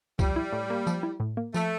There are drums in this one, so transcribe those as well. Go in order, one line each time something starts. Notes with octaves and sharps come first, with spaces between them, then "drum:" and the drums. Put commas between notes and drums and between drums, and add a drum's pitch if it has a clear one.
F3 G3, drum: kick, tambourine
E4
A2
A#3
F3, drum: tambourine
E4
A2
A#3
F3 A3, drum: tambourine